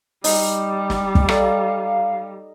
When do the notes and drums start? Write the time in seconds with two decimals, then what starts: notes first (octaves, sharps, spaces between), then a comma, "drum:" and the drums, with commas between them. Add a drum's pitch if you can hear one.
0.24 G3 D#4, drum: open hi-hat
0.90 drum: snare
1.15 drum: kick
1.29 A4 D5 F5 A#5, drum: rim click